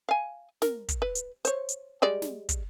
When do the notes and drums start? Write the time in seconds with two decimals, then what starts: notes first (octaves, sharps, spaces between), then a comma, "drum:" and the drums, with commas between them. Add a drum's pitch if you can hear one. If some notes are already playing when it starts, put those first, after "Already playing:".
0.09 F5 G#5
0.62 A#4, drum: snare
0.88 drum: kick, hi-hat
1.02 B4
1.15 drum: hi-hat
1.45 C5 C#5, drum: hi-hat
1.69 drum: hi-hat
2.02 G3 G#3 D5
2.22 drum: snare
2.49 drum: kick, hi-hat